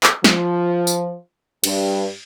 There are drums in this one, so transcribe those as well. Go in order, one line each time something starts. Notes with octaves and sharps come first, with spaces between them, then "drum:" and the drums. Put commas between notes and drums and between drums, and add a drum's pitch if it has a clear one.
drum: clap
F3, drum: snare
drum: tambourine
G2, drum: cymbal